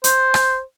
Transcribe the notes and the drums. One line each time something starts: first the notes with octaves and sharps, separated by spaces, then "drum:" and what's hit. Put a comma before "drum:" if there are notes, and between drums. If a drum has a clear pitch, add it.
C5, drum: hi-hat
drum: rim click